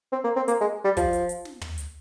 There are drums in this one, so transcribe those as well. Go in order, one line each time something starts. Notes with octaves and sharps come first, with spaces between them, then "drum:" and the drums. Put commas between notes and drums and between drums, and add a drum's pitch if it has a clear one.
C4
A#3
C4
A#3, drum: hi-hat
G#3
G3
F3, drum: kick, hi-hat
drum: hi-hat
drum: hi-hat
drum: snare
drum: tom
drum: hi-hat